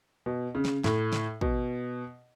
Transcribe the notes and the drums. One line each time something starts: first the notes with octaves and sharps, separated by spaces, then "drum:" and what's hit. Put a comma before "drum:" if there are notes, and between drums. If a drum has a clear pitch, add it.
B2
C#3
drum: snare
A2, drum: snare
drum: snare
B2, drum: kick